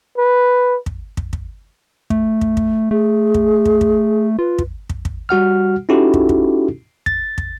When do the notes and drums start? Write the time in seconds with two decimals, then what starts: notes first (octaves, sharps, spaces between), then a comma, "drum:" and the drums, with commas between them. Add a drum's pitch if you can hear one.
0.18 B4
0.86 drum: kick
1.17 drum: kick
1.33 drum: kick
2.10 A3, drum: kick
2.41 drum: kick
2.57 drum: kick
2.91 A3 G#4
3.34 drum: kick
3.65 drum: kick
3.81 drum: kick
4.39 F4 B4
4.58 drum: kick
4.89 drum: kick
5.05 drum: kick
5.29 G3 F#4 F#5 F6
5.89 C#4 D#4 E4 F#4 G4 A4
6.14 drum: kick
6.29 drum: kick
7.06 A6, drum: kick
7.38 drum: kick